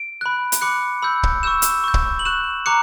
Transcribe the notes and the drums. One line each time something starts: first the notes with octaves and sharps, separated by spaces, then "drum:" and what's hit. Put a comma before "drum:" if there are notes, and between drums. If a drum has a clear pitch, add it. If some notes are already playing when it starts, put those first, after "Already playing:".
Already playing: D7
B5 F#6
drum: hi-hat
B5 D6 F#6 C#7
B5 E6 G6
drum: kick
C#6 E6 G6 E7
drum: hi-hat
C#6 G6
drum: kick
F#7
C#6 F#6 E7
A#5 D6 F#6 C#7